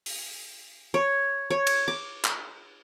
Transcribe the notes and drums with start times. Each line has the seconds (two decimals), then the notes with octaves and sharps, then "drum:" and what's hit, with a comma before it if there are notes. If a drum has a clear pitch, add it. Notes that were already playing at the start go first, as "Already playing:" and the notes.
0.06 drum: open hi-hat
0.94 C#5
1.50 C#5
1.67 drum: cymbal
1.88 D6
2.25 drum: clap